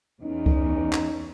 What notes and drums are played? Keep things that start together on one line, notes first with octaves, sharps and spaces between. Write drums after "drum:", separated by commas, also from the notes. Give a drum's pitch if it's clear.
E2 C#4 D#4
drum: kick C#2
drum: clap